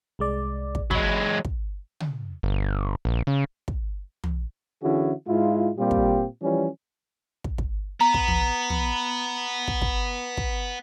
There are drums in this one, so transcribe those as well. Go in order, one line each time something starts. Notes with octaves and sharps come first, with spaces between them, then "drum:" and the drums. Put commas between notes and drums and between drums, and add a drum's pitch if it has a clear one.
C2 G#3 D5
drum: kick
F#3 G#3 B5, drum: kick
drum: kick
drum: tom
G1
A#1
C#3
drum: kick
drum: tom
D3 E3 C#4 E4 F#4 G#4
G#2 G#3 E4 F4
A#2 G3 A#3 C4 F4 G4
drum: kick
E3 F3 G3 C#4
drum: kick
drum: kick
B3 A#5
drum: kick
drum: tom
drum: tom
drum: kick
drum: kick
drum: kick